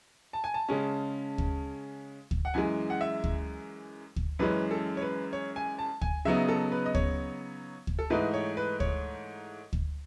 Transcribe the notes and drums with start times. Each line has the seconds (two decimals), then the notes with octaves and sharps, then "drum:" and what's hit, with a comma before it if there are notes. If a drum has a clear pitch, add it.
0.33 A5
0.44 G#5
0.54 A5
0.68 C#3 G#3 C#4
1.38 drum: kick
2.31 drum: kick
2.45 F#5
2.54 F#2 E3 G#3 G#5
2.90 F#5
3.01 E5
3.24 drum: kick
4.16 drum: kick
4.39 F#2 E3 G#3 C#4 B4
4.71 A4
4.97 C#5
5.02 B4
5.33 C#5
5.56 G#5
5.79 A5
6.01 G#5, drum: kick
6.25 C#3 F#3 B3 D#4 E5
6.49 A4
6.72 B4
6.86 D#5
6.95 C#5, drum: kick
7.87 drum: kick
7.99 A4
8.10 G#2 E3 A3 D#4 B4
8.34 C#5
8.57 B4
8.80 C#5, drum: kick
9.73 drum: kick